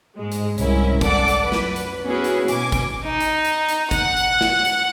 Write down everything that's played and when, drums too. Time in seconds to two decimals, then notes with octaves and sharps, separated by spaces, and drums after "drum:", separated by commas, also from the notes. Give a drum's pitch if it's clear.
0.17 G#2 G#3
0.32 drum: hi-hat
0.58 C2 G#2 C#4 E4 A#4, drum: hi-hat
1.01 A4 D5 F#5 D6, drum: kick, hi-hat
1.28 drum: hi-hat
1.41 F#2 B4
1.52 drum: snare
1.76 drum: hi-hat
2.05 B3 C#4 E4 F#4 G#4 B4
2.24 drum: hi-hat
2.48 B2 G#5 D6, drum: hi-hat
2.72 drum: kick, hi-hat
3.04 D#4
3.20 drum: hi-hat
3.45 drum: hi-hat
3.69 drum: hi-hat
3.91 F#5, drum: kick, hi-hat
4.17 drum: hi-hat
4.41 drum: snare
4.65 drum: hi-hat